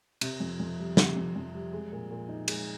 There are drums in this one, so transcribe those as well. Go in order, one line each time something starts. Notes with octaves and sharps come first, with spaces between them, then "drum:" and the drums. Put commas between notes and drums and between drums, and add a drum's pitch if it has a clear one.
C3, drum: cymbal
F2
F2
G3
C3, drum: snare
F2
F2
G3
G#3
A#2
A#2
D#4
G#3, drum: cymbal